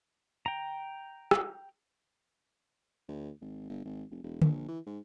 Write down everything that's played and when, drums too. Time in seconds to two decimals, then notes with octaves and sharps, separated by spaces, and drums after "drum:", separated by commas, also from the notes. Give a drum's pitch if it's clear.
0.46 G5 A#5
1.31 drum: rim click
3.08 D2
3.41 G#1
3.69 G1
3.85 G#1
4.11 F1
4.23 E1
4.42 A#1, drum: tom D3
4.69 E3
4.86 G#2